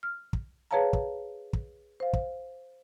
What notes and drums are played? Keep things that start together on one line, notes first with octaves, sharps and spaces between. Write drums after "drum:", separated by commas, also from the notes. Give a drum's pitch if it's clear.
F6
drum: kick
G#4 B4 C#5 F5 A5 A#5
drum: kick
drum: kick
C5 F5
drum: kick